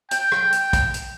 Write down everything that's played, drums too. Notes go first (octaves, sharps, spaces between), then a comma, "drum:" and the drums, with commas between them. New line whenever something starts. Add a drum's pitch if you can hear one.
G5, drum: hi-hat
drum: rim click
drum: hi-hat
drum: kick, hi-hat
drum: hi-hat